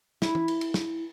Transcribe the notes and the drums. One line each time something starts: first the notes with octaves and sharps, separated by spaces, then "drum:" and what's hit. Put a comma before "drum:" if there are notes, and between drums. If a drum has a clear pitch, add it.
E4, drum: snare
drum: tom E3
drum: cymbal
drum: cymbal
drum: snare